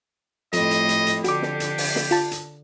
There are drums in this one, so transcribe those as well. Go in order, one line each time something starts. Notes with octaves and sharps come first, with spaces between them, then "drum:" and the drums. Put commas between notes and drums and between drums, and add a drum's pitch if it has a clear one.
F2 A2 G3 D#5, drum: hi-hat
drum: hi-hat
drum: hi-hat
drum: hi-hat
D3 F#4 G4 D6, drum: hi-hat
drum: snare
drum: hi-hat
drum: open hi-hat
drum: snare
F4 A5, drum: hi-hat
drum: hi-hat